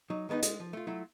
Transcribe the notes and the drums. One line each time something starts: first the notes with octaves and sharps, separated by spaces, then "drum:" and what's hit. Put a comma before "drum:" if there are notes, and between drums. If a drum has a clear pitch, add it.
F#3 D#4
D#3 G#3 B3 C#4 D#4
G#3, drum: hi-hat
F3
A3 F4
F#3 A3 E4 F4